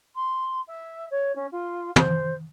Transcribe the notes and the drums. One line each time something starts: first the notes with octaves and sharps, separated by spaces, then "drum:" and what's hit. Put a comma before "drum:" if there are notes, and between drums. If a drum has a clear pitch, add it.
C6
E5
C#5
C#4
F4
C5, drum: tom